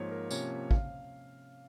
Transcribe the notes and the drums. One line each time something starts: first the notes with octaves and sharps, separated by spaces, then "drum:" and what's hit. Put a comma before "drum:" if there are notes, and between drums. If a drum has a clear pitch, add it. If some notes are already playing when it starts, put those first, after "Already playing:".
Already playing: G#2 F3 A#3 C#5
A#4
C3 F3 A#3 C#4 C#5, drum: tambourine
F5, drum: kick